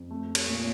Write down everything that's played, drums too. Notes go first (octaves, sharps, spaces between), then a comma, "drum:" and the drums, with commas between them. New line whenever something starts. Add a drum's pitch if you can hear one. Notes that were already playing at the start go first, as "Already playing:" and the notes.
Already playing: F2
A3
drum: cymbal
A#2